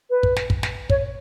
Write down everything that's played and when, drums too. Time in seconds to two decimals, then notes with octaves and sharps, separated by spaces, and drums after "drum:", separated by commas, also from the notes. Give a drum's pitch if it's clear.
0.10 B4
0.23 drum: kick
0.37 drum: snare
0.50 drum: kick
0.63 drum: snare
0.90 C#5, drum: kick